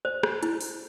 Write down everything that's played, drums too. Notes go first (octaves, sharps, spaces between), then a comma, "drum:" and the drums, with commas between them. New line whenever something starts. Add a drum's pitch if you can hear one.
C5
drum: rim click
E4, drum: hi-hat
drum: open hi-hat